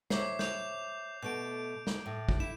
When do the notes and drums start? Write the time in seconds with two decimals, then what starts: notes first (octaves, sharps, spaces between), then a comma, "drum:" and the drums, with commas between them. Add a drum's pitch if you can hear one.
0.10 C5 C#5 E5 D6 C7, drum: snare
0.39 G6 F7, drum: snare
1.23 B2 A3 G6 D7
1.87 drum: snare
2.06 A2
2.29 drum: kick
2.40 E4 E7